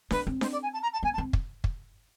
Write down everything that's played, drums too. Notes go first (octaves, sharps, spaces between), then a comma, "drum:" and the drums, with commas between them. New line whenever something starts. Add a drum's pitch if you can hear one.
B3 B4, drum: snare D4
C4
C5, drum: snare D4
D5
G#5
A5
A#5
A5
B3 G#5
A5
C4
drum: kick
drum: kick